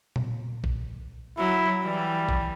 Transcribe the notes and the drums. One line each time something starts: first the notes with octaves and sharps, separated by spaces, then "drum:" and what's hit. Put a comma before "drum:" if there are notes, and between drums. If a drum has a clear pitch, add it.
drum: tom A#2
drum: kick
F#3 E4
E3 G3
drum: kick